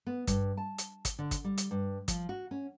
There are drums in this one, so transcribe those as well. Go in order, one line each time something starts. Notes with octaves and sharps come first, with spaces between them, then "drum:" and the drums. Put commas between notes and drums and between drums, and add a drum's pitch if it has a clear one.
B3
G2, drum: kick, hi-hat
A5
drum: hi-hat
drum: kick, hi-hat
D3
drum: kick, hi-hat
G3
drum: hi-hat
G2
F3, drum: kick, hi-hat
F#4
C#4